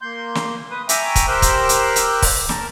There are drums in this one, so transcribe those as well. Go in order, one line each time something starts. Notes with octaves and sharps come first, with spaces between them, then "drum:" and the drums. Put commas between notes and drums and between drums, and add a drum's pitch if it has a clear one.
A#3 C6 G6
drum: snare
B4 D#6
E5 G5 G#5 A#5 C#6 D6, drum: hi-hat
drum: kick, hi-hat
G4 A#4 C5 C6 E6 F#6
drum: kick, hi-hat
drum: hi-hat
drum: hi-hat
drum: kick, open hi-hat
A#4 A5, drum: snare